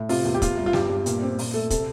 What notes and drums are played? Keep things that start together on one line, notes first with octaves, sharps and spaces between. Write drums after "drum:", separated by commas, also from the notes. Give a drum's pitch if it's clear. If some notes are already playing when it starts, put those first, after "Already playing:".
Already playing: A2
C3 F4, drum: open hi-hat
E2
G4
E2 F4, drum: kick, hi-hat
G3
F4
G2 G4, drum: snare
G2
A#2, drum: hi-hat
C4
A#2, drum: open hi-hat
A3 A4
C3 A4, drum: kick, hi-hat